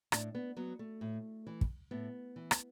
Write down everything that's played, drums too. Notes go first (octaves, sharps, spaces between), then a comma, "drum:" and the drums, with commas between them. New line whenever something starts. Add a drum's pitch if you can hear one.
A2 D4, drum: rim click
B3
F#3 B3
A3
A2
E3
drum: kick
A2 B3
E3
drum: rim click